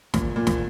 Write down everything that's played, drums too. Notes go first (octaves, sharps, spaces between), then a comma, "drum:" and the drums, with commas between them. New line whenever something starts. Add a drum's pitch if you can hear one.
A#2, drum: snare
A#2
drum: snare